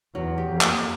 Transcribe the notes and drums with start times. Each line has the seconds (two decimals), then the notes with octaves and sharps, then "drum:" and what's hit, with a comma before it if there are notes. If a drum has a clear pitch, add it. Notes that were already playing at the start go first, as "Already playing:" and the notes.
0.15 E2 F#3
0.38 G4
0.50 F2
0.61 A#3, drum: clap